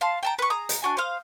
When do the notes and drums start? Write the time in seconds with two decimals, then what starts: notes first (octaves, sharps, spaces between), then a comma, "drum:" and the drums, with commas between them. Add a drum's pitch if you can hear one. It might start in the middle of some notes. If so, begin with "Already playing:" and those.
0.01 F5 A5 C6
0.23 G5 A5 A#5
0.39 B4 C#6
0.50 G#4 A#5 D#6
0.69 drum: hi-hat
0.82 D4 F#4 G#5
0.97 C5 F5 D#6